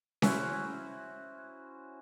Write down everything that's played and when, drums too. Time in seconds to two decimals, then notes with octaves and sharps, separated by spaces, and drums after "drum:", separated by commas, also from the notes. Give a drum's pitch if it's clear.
0.22 C#4 E4 F#4 C5, drum: snare C#4